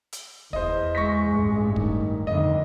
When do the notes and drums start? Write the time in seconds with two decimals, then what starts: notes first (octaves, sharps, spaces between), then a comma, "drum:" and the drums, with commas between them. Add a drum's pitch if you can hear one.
0.12 drum: hi-hat
0.53 E2 C5 D#5, drum: kick
0.95 G#3 C#6 A#6 B6
1.28 A1 G2
1.76 D#3, drum: kick
2.27 F2 D3 D#3 D#5